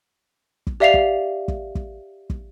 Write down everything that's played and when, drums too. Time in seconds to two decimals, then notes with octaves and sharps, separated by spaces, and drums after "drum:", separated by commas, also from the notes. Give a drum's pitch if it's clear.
0.67 drum: kick
0.80 G4 D5 E5 F5 C7 F7
0.94 drum: kick
1.48 drum: kick
1.75 drum: kick
2.30 drum: kick